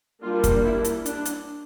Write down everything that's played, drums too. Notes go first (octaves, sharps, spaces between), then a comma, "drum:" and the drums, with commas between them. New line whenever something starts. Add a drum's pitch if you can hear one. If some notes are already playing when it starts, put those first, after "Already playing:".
G3 A#3 D4 F4
drum: kick, hi-hat
E4
drum: hi-hat
D4, drum: hi-hat
drum: hi-hat